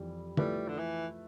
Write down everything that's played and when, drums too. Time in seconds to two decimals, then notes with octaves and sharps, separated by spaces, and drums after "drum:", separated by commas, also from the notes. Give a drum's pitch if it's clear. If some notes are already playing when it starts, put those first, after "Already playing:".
Already playing: F2 E3 G3
0.37 F3 G3 A3 E4 B4, drum: tom
0.68 D3
0.79 E3